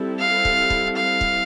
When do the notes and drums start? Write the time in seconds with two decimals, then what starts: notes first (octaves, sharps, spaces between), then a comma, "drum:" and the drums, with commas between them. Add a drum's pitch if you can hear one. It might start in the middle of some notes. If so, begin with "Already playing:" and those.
Already playing: G3 C4 E4 A4
0.19 F5
0.45 drum: kick
0.70 drum: kick
0.96 F5
1.21 drum: kick